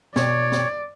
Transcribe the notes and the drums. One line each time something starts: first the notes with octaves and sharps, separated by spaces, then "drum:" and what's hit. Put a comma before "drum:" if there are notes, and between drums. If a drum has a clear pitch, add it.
B2 C#5 D5, drum: snare
drum: snare